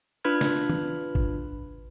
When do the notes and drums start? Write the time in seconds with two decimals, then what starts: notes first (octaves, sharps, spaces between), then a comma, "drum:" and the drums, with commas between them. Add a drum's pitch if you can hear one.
0.24 D4 F4 B4 B5 F6 G#6
0.41 drum: snare
0.70 drum: tom D#3
1.15 drum: kick G#1